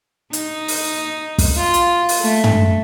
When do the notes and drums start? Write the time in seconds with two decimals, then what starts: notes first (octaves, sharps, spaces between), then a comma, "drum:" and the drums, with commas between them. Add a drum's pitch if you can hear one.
0.33 D#4, drum: hi-hat
0.68 drum: open hi-hat
1.38 drum: kick, open hi-hat
1.57 F4
1.74 drum: hi-hat
2.09 drum: open hi-hat
2.21 A3
2.44 drum: tom